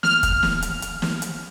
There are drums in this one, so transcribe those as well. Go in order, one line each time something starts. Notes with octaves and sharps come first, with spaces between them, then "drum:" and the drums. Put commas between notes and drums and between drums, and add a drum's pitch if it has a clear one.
F6, drum: snare
drum: kick, hi-hat
drum: snare
drum: hi-hat
drum: hi-hat
drum: snare
drum: hi-hat